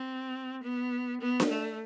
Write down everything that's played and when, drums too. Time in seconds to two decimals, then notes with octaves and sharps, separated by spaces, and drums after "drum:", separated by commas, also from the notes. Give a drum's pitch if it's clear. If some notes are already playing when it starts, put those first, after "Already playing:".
Already playing: C4
0.63 B3
1.21 B3
1.40 drum: snare D4
1.49 A3